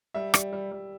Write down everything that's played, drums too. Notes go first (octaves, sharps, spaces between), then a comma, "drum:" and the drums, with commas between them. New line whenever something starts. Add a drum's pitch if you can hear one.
G3 E5
G3, drum: rim click
G3
G3